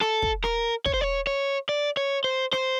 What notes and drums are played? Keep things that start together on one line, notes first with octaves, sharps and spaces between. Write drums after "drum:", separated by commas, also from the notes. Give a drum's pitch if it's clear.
A4, drum: rim click
drum: kick
A#4, drum: rim click
C#5, drum: kick
C5
C#5
C#5
D5
C#5
C5
C5, drum: rim click